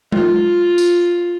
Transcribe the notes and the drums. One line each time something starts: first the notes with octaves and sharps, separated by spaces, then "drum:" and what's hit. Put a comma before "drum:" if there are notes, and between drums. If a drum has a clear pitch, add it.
F4, drum: tom G#3
drum: tambourine